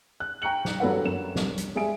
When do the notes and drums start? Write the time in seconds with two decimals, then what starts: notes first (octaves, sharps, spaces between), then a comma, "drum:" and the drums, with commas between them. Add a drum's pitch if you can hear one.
0.20 F#6
0.42 G5 A#5 C#6 C#7 F#7
0.65 drum: snare
0.80 F#3 G3 D4 A4 B4 F#5
1.05 F#2 E7
1.36 C2, drum: snare
1.58 drum: hi-hat
1.75 G3 G#3 G#4 E5 G#5 D7